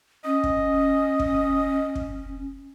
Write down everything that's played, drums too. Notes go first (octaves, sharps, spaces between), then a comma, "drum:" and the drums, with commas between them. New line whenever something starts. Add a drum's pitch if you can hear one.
C#4 D#5
drum: kick
drum: kick
drum: kick